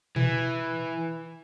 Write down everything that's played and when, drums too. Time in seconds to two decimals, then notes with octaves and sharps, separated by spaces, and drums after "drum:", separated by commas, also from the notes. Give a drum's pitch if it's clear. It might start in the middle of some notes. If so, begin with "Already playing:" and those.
0.16 E3, drum: tom A#2